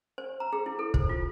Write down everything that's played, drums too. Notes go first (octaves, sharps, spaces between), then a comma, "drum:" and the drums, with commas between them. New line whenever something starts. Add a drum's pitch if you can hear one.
C5
A#5
G#4
E4
A4
C5, drum: kick
F4